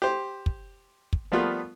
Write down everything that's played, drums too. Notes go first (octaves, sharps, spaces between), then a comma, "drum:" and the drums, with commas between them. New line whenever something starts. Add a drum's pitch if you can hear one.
G4 C5
drum: kick
drum: kick
F3 G3 A3 B3 F4 A#4